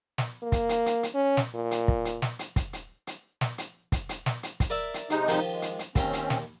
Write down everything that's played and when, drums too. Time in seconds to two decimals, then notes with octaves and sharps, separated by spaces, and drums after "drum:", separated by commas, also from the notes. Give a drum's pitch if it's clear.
0.18 drum: snare
0.43 A#3
0.52 drum: kick, hi-hat
0.69 drum: hi-hat
0.86 drum: hi-hat
1.03 drum: hi-hat
1.14 C#4
1.37 drum: snare
1.54 A#2
1.71 drum: hi-hat
1.88 drum: kick
2.05 drum: hi-hat
2.22 drum: snare
2.39 drum: hi-hat
2.56 drum: kick, hi-hat
2.73 drum: hi-hat
3.07 drum: hi-hat
3.41 drum: snare
3.58 drum: hi-hat
3.92 drum: kick, hi-hat
4.09 drum: hi-hat
4.26 drum: snare
4.43 drum: hi-hat
4.60 drum: kick, hi-hat
4.70 A#4 D5 E5
4.94 drum: hi-hat
5.10 C3 G#3 D#4, drum: hi-hat
5.28 D#3 F3 G4, drum: hi-hat
5.52 G#3
5.62 drum: hi-hat
5.79 drum: hi-hat
5.95 D#2 C4 C#4 G5 A#5, drum: kick, hi-hat
6.13 drum: hi-hat
6.30 drum: snare